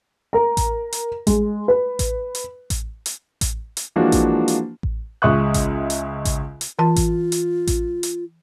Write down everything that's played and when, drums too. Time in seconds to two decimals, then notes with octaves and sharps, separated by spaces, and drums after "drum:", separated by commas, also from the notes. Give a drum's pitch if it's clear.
0.33 A#4 A#5
0.57 drum: kick A1, hi-hat
0.93 drum: hi-hat
1.27 G#3, drum: kick A1, hi-hat
1.68 B4
1.99 drum: kick A1, hi-hat
2.35 drum: hi-hat
2.70 drum: kick A1, hi-hat
3.06 drum: hi-hat
3.41 drum: kick A1, hi-hat
3.77 drum: hi-hat
3.96 E3 F3 G#3 A#3 D4 F#4
4.12 drum: kick A1, hi-hat
4.48 drum: hi-hat
4.83 drum: kick A1
5.22 C#2 G#3 E5 C#6 D#6 F#6
5.54 drum: kick A1, hi-hat
5.90 drum: hi-hat
6.25 drum: kick A1, hi-hat
6.61 drum: hi-hat
6.79 E3 F4 A5
6.96 drum: kick A1, hi-hat
7.32 drum: hi-hat
7.67 drum: kick A1, hi-hat
8.03 drum: hi-hat